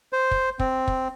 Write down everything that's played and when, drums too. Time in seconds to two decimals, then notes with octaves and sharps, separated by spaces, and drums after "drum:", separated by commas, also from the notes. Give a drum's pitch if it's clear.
0.13 C5
0.31 drum: kick
0.59 C4, drum: kick
0.88 drum: kick